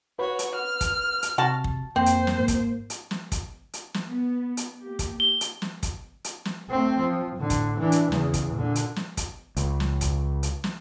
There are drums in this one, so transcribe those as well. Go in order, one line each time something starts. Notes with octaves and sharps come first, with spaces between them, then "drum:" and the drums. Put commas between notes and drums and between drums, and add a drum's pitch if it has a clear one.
F#4 B4 C#5 B5
drum: hi-hat
F6
drum: kick, hi-hat
drum: hi-hat
C3 F#4 A5
drum: kick
F2 A#3 C4 C5
drum: hi-hat
drum: snare
G#2 A#3
drum: kick, hi-hat
drum: hi-hat
drum: snare
drum: kick, hi-hat
drum: hi-hat
drum: snare
B3
drum: hi-hat
A#3 G4
drum: kick, hi-hat
G7
drum: hi-hat
drum: snare
drum: kick, hi-hat
drum: hi-hat
drum: snare
A3 C4
F3
A2 D3
drum: kick, hi-hat
E3 D4
drum: hi-hat
E2 C#3, drum: snare
drum: kick, hi-hat
A#2 D3
drum: hi-hat
drum: snare
drum: kick, hi-hat
C#2, drum: hi-hat
drum: snare
drum: kick, hi-hat
drum: hi-hat
drum: snare